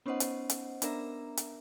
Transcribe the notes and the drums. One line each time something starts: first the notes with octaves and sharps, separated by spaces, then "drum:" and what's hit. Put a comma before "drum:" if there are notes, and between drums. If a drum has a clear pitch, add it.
B3 C#4 D#4 C5 D#5 F#5
drum: hi-hat
drum: hi-hat
B3 D4 A#4 E5 A#5, drum: hi-hat
drum: hi-hat